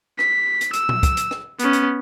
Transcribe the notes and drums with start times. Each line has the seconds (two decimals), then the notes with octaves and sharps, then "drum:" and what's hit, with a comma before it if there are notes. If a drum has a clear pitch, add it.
0.19 B6, drum: rim click
0.61 drum: hi-hat
0.73 E6, drum: hi-hat
0.89 drum: tom A#2
1.03 drum: kick, hi-hat
1.17 drum: hi-hat
1.31 drum: rim click
1.59 B3 C#4, drum: hi-hat
1.73 drum: hi-hat